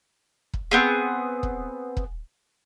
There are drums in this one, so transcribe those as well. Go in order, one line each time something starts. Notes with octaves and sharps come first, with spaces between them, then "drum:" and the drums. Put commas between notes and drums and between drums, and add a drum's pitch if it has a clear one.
drum: kick
B3 C4 G#4
drum: kick
drum: kick